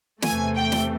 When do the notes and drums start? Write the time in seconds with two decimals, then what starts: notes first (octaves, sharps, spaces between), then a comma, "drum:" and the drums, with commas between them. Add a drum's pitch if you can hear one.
0.22 E2 C3 E3 A3 G#5, drum: snare
0.55 G5
0.72 drum: snare